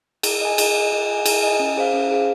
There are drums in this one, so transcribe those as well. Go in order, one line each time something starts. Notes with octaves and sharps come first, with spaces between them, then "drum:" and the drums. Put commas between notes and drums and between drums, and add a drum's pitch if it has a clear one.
G#4, drum: cymbal
D#5 G#5
G#4, drum: cymbal
D#5 G#5
G#4
D#5 G#5
G#4, drum: cymbal
D#5 G#5
C#4
G#4 C5 F5
C#4
G#4 C5 F5